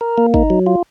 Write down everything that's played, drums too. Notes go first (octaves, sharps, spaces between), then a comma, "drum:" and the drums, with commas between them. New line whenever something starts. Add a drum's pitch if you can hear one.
A#4
A#3
D#4, drum: kick
F#3
F4